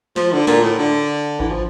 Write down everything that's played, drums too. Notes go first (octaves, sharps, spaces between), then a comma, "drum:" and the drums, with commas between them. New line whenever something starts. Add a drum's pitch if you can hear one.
F3, drum: snare
D3
A#2, drum: snare
A2
D3
E3, drum: kick G#1
F3